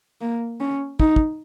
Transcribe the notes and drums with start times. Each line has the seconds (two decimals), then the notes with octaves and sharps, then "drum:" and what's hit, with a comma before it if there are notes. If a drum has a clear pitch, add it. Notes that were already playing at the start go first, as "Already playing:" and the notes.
0.21 A#3
0.60 C#4
1.00 D#4, drum: kick
1.16 drum: kick